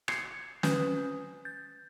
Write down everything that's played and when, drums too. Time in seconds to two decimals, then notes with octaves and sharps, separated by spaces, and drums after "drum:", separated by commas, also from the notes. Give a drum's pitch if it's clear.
0.08 G#6 C7 C#7, drum: rim click
0.63 C#4 B4 G#5 D#6 G6, drum: snare
1.45 G6 A6